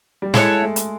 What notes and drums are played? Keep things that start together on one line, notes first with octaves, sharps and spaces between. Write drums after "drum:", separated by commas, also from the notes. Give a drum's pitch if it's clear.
G3
G#3 E4 A4 C#5 F#5, drum: snare
A3
drum: hi-hat